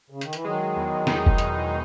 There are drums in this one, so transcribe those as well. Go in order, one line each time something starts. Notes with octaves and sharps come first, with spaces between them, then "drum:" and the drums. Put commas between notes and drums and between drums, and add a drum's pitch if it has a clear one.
C#3
D#3, drum: hi-hat
E3, drum: hi-hat
D#3 F#3 G#3
E2
D#4, drum: snare
drum: kick
B2, drum: hi-hat
G#3